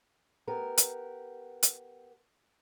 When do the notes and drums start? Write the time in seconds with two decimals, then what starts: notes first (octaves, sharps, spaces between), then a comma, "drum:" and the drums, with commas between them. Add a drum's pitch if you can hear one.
0.47 B3 G4 A#4
0.78 drum: hi-hat
1.63 drum: hi-hat